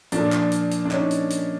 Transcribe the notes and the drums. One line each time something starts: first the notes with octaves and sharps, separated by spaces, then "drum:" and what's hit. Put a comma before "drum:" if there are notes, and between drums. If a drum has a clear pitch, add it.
A#2 F3 D4, drum: hi-hat
drum: clap
drum: hi-hat
drum: hi-hat
D4
C#4 D#4, drum: clap
drum: hi-hat
drum: hi-hat